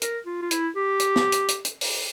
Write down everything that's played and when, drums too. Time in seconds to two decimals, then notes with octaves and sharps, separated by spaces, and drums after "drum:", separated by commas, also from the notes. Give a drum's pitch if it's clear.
0.02 A#4, drum: hi-hat
0.26 F4
0.42 F4
0.51 E4, drum: hi-hat
0.76 G4
1.00 drum: hi-hat
1.16 drum: snare
1.32 drum: hi-hat
1.48 drum: hi-hat
1.65 drum: hi-hat
1.81 drum: open hi-hat